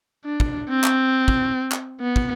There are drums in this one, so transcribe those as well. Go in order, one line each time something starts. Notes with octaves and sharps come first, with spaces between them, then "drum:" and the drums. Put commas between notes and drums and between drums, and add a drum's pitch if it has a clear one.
D4
drum: kick
C4
drum: clap
drum: kick
drum: clap
B3
drum: kick